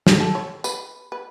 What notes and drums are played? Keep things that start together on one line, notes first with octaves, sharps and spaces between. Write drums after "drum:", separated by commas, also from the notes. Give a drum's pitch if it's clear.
G#4, drum: snare
A4
C#5
B4, drum: tambourine
B4